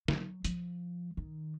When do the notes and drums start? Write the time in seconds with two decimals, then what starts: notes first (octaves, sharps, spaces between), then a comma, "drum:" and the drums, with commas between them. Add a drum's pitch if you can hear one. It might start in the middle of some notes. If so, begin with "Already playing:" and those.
0.08 F#3, drum: snare
0.45 F3, drum: hi-hat
1.17 D#3